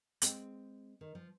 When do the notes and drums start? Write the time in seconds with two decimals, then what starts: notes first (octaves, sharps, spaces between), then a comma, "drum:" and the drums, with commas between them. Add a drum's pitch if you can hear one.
0.22 G#3 C4, drum: hi-hat
1.01 D#3
1.15 F3